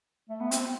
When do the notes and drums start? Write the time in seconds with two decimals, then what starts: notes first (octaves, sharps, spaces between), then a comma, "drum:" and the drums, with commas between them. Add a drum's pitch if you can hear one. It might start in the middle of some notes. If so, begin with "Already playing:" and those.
0.29 A3
0.41 B3
0.51 C4, drum: hi-hat